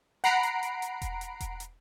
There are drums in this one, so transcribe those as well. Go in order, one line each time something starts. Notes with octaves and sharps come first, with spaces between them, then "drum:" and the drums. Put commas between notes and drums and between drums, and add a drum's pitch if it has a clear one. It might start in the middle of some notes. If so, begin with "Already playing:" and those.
F#5 A#5 B5 C7 D7, drum: hi-hat
drum: hi-hat
drum: hi-hat
drum: hi-hat
drum: kick E1, hi-hat
drum: hi-hat
drum: kick E1, hi-hat
drum: hi-hat